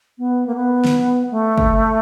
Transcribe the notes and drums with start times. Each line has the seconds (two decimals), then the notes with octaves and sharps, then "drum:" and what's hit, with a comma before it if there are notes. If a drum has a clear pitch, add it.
0.18 B3
0.47 A#3
0.55 B3
0.84 drum: snare
1.31 A3
1.58 drum: kick